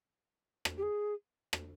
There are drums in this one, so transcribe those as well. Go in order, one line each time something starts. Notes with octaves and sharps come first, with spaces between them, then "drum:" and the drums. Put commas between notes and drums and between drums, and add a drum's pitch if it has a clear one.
drum: rim click
G4
G#4
drum: rim click